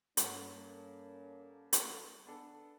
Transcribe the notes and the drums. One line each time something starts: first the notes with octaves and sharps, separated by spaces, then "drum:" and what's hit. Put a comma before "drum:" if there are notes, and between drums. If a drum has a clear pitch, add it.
G2 A#3 C#4 A4 F#5, drum: hi-hat
drum: hi-hat
B3 D4 A4